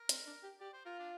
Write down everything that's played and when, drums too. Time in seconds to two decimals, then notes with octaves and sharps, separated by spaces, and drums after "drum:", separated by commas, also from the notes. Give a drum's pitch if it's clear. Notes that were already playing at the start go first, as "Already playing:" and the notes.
Already playing: A#4
0.09 C4, drum: hi-hat
0.27 D4
0.43 G4
0.60 G4 D5
0.73 C5
0.85 F4 A#4
0.99 D4